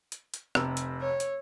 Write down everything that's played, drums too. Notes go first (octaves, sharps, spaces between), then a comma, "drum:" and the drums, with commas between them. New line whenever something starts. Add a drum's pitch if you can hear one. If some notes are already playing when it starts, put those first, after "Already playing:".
drum: hi-hat
drum: hi-hat
F1 C3 E6, drum: rim click
drum: hi-hat
C#5
drum: hi-hat